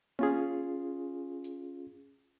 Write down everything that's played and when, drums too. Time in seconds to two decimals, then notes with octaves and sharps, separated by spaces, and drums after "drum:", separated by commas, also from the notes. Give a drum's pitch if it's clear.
0.19 C#4 F4 G#4, drum: tom A#3
1.44 drum: hi-hat